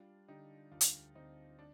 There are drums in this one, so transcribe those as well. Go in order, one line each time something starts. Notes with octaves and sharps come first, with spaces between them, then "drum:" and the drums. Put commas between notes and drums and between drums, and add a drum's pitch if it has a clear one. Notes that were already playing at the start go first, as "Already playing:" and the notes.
Already playing: G3 D4 F4
D3 D#4 G4
D2 D4 F4
drum: hi-hat
D2 C4 D#4
D4